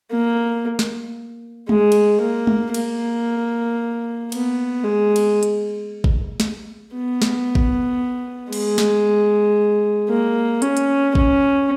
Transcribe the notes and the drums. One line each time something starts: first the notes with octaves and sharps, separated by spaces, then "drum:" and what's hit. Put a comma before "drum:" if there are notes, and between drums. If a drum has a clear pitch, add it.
A#3
drum: snare
G#3, drum: tom G#3
drum: cymbal
A#3
drum: tom G#3
A#3, drum: cymbal
B3, drum: cymbal
G#3
drum: cymbal
drum: hi-hat
drum: kick
drum: snare
B3
drum: snare
drum: kick
G#3, drum: cymbal
drum: snare
A#3
C#4, drum: hi-hat
drum: hi-hat
C#4, drum: kick